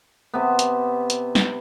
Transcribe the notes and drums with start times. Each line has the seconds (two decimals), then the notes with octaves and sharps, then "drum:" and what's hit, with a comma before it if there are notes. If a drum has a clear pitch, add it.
0.34 C3 B3
0.59 drum: hi-hat
1.10 drum: hi-hat
1.35 drum: snare